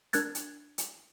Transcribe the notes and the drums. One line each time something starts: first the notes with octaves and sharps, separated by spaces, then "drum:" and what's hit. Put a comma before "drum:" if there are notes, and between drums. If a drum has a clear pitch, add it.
D4 A#4 F#6 G#6 A6, drum: hi-hat
drum: hi-hat
drum: hi-hat